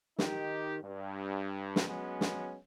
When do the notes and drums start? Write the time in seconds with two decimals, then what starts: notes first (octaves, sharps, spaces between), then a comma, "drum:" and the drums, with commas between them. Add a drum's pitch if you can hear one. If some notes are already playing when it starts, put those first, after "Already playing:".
0.19 D#3 D#4 G4, drum: snare
0.82 G2
1.76 drum: snare
1.88 F#3 G#3 B3 C#4
2.21 drum: snare